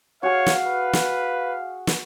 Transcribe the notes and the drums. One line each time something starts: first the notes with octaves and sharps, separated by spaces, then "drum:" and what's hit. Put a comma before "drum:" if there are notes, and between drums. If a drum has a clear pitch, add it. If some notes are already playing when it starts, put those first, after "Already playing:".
F#4 G#4 C#5 F5
drum: snare
B4
drum: snare
drum: snare